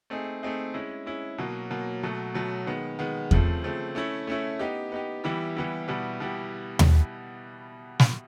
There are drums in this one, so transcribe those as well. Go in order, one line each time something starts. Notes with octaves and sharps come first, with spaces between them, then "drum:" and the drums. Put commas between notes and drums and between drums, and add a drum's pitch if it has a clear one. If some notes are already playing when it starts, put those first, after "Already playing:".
A3 C4 D#4 G#4
A3 C4 D#4 G#4
G#3 C#4 E4
G#3 C#4 E4
B2 F#3 A#3
B2 F#3 A#3
B2 F#3 A3
B2 F#3 A3
D#3 G#3 B3
D#3 G#3 B3
C#3 F3 A3 C4, drum: kick E2
C#3 F3 A3 C4
A3 C#4 E4
A3 C#4 E4
B3 D#4 G4
B3 D#4 G4
E3 G3 B3 E4 G4
E3 G3 B3 E4 G4
B2 G3 B3 E4 G4
B2 G3 B3 E4 G4
drum: tom D#2
drum: snare